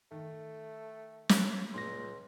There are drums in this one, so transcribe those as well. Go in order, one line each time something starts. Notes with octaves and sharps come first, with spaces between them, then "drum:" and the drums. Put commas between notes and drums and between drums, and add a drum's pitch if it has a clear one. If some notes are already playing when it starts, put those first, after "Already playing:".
D#3 A3
drum: snare
C#2 A#2 C6 A#6